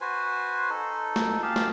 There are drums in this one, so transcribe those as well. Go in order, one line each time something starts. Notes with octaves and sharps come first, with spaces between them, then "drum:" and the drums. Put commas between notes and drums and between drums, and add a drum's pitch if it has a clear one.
F#4 B4 C5 G#5
D#4 A4
drum: snare
G4 G#4 F5 A5
drum: snare